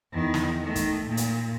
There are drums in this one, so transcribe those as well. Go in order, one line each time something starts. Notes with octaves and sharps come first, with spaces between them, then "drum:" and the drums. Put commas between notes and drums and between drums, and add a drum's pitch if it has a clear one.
E2 D#3
drum: snare
D#3 A3
drum: kick, hi-hat
A#2
drum: hi-hat